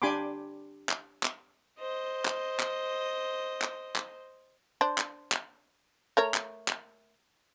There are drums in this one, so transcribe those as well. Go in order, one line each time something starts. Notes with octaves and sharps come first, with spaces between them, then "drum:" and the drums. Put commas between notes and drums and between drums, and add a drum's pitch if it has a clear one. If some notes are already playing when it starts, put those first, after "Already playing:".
D4 G4 G#5 B5 C6 D6
drum: clap
drum: clap
C5 D#5
drum: clap
drum: clap
drum: clap
drum: clap
D4 C5
drum: clap
drum: clap
A3 A#4 C#5
drum: clap
drum: clap